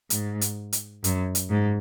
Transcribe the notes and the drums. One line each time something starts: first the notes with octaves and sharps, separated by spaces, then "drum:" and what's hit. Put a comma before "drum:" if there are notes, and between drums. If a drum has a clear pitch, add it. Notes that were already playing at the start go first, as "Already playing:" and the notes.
G#2, drum: hi-hat
drum: hi-hat
drum: hi-hat
F#2, drum: hi-hat
drum: hi-hat
G#2